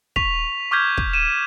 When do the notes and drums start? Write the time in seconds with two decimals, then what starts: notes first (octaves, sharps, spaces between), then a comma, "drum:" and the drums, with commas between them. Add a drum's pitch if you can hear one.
0.16 C#6 B6 F7, drum: kick
0.71 C#6 D6 F6 G6 G#6 B6
0.98 drum: kick
1.13 D#7 E7